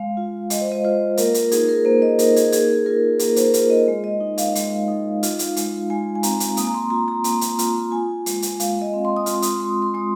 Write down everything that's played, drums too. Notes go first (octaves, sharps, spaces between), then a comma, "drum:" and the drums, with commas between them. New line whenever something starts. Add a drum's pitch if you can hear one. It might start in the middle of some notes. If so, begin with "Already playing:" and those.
Already playing: G#3 F5
F4
G#3 D#5, drum: hi-hat
C5
D#5
F4 C5
A#3 A#4, drum: hi-hat
A#4, drum: hi-hat
D#4 G#4, drum: hi-hat
A#4
A#3 C5
D#5
D#4 A#4, drum: hi-hat
G#4, drum: hi-hat
A#4
A#3 G#4, drum: hi-hat
F4 A#4
A#3 A#4, drum: hi-hat
C5, drum: hi-hat
A#4
F4 C5, drum: hi-hat
D#5
G#3
D#5
D#4
F5, drum: hi-hat
G#3, drum: hi-hat
D#4
F4, drum: hi-hat
drum: hi-hat
G#3, drum: hi-hat
G#3 G#5
G#5
C4 A#5, drum: hi-hat
drum: hi-hat
A#3 D#6, drum: hi-hat
A#5
C6
F4 A#5
A#5
A#3, drum: hi-hat
drum: hi-hat
F4, drum: hi-hat
F4 G#5
G#3, drum: hi-hat
drum: hi-hat
G#3 F5, drum: hi-hat
D#5
C4
C6
D#6
F4 C6, drum: hi-hat
D#6, drum: hi-hat
G#3 C6
D#6
C6
G#3 D#6